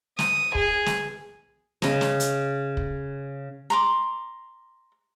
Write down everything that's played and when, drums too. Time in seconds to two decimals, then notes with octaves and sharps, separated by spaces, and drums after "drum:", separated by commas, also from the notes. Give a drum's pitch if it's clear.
0.19 D#6, drum: snare
0.55 G#4, drum: kick
0.86 drum: snare
1.82 C#3 D#5, drum: snare
2.01 drum: snare
2.20 drum: hi-hat
2.77 drum: kick
3.70 A#5 C6 D6